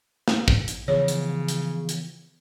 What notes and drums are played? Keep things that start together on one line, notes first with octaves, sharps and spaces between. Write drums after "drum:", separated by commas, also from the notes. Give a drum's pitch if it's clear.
drum: snare
drum: kick
drum: hi-hat
C#3 E3 F3 B3 C#5
drum: hi-hat
drum: hi-hat
drum: hi-hat